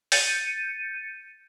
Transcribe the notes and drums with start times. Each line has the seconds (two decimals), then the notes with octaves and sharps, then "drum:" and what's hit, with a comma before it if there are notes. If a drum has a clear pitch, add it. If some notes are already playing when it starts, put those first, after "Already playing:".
0.12 G6 A6 C#7 D#7, drum: open hi-hat